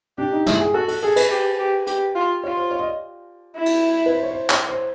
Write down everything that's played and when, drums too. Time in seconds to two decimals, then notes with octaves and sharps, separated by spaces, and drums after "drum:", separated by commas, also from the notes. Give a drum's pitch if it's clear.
0.18 D4 G4
0.32 D#4
0.46 E4, drum: snare
0.61 G#4
0.74 F#4 A4
0.88 A4, drum: open hi-hat
1.03 G#4 A4
1.16 B4, drum: cymbal
1.31 G4
1.59 G4
1.87 G4, drum: hi-hat
2.15 F4
2.44 F4 C#5
2.57 C5
2.71 C#5
2.79 D#5
2.86 D5
3.56 E4
3.66 drum: cymbal
4.06 B4
4.13 C5
4.23 C#5
4.31 C5
4.49 C#5, drum: clap
4.69 C5